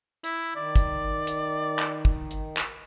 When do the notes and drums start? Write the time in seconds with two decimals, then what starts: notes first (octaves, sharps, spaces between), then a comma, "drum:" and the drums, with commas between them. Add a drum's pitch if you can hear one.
0.24 E4, drum: hi-hat
0.56 D#3 D5
0.76 drum: kick, hi-hat
1.27 drum: hi-hat
1.79 drum: clap
2.05 drum: kick
2.31 drum: hi-hat
2.57 drum: clap